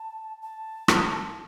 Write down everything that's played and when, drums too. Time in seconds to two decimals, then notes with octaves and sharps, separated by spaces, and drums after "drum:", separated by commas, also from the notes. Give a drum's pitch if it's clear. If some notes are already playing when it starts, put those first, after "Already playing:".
Already playing: A5
0.42 A5
0.88 drum: rim click